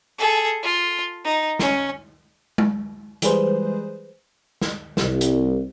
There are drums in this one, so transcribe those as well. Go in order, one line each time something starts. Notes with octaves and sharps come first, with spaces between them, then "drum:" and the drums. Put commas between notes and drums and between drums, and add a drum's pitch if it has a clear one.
G#4 A4
F4
D#4
C#4, drum: snare
drum: tom G#3
E3 G3 G#3 G#4 B4 C5, drum: hi-hat
drum: snare
C2, drum: snare
drum: hi-hat